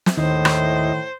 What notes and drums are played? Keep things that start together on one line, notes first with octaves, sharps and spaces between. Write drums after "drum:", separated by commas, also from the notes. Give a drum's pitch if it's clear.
drum: snare
D#2 A2 D#3 E4 C5 D#5
drum: rim click